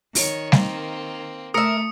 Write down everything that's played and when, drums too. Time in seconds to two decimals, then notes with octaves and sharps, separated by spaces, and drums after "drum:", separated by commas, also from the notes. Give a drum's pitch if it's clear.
0.15 D#3 C#5, drum: open hi-hat
0.52 A#3 C4, drum: snare
1.54 A3 A#4 E5 D#6 C#7